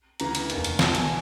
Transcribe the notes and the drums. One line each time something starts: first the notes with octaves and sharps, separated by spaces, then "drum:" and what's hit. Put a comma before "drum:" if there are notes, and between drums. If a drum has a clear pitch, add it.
D2 C#3 E3 A#5, drum: hi-hat
drum: hi-hat
F1 D#2 D#3, drum: hi-hat
drum: hi-hat
B1 B2 F#3 A5, drum: snare
G#5, drum: hi-hat